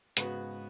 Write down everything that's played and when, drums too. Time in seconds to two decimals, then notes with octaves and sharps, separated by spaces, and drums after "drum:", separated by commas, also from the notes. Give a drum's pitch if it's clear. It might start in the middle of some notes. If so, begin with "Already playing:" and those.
0.17 G#2 C#3 B3 F#4 B4, drum: hi-hat